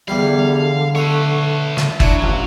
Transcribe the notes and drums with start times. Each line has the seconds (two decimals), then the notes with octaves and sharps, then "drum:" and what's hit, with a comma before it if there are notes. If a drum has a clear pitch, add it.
0.08 E2 D3 G3 F5
0.95 A3 B4 C#5
1.77 drum: snare
2.00 F#3 D4 E4, drum: kick
2.22 A1 F4